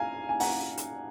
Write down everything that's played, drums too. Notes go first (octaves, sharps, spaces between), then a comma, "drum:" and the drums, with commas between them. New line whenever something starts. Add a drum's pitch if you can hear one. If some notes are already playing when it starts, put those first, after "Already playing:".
Already playing: F5 G#5 A#5
G#5
F#5 A#5, drum: open hi-hat
drum: hi-hat